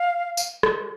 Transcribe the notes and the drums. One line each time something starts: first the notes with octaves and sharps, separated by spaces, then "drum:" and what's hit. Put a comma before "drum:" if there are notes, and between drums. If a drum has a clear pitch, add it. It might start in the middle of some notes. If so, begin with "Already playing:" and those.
Already playing: F5
drum: tambourine
drum: rim click